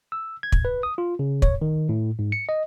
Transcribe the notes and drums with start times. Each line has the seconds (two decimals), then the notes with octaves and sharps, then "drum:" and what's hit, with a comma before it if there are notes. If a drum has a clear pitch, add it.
0.12 E6
0.43 G#6
0.52 drum: kick
0.65 B4
0.83 D#6
0.98 F4
1.19 C#3
1.42 C#5, drum: kick
1.62 D#3
1.89 A2
2.19 G#2
2.32 C#7
2.49 D#5